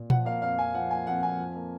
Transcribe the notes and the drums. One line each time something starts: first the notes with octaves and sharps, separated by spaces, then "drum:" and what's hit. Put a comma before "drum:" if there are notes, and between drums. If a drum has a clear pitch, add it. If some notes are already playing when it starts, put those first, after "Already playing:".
Already playing: A#2
F3 F#5, drum: tom A#2
A#3 F5
F2 F5
F2 G#5
F3 F#5
A#3 G#5
F2 F#5
F2 G#5
F3
A#3